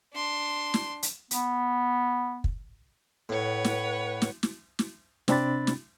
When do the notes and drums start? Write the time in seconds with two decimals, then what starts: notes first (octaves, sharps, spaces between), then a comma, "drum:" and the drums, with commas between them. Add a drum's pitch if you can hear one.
0.13 D4 C6
0.74 drum: snare
1.03 drum: hi-hat
1.31 B3, drum: hi-hat
2.44 drum: kick
3.29 A2 B4 C#5 F#5
3.64 drum: snare
4.22 drum: snare
4.43 drum: snare
4.79 drum: snare
5.28 C3 C4 D4 B5 A6, drum: snare
5.67 drum: snare